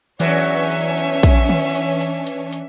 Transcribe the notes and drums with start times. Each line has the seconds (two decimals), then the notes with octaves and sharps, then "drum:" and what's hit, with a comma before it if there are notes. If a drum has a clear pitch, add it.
0.20 E2 E3 F#3 C#4 D4 C#5 E5, drum: hi-hat
0.72 drum: hi-hat
0.97 drum: hi-hat
1.23 drum: kick, hi-hat
1.49 drum: tom D#3
1.75 drum: hi-hat
2.01 drum: hi-hat
2.27 drum: hi-hat
2.53 drum: hi-hat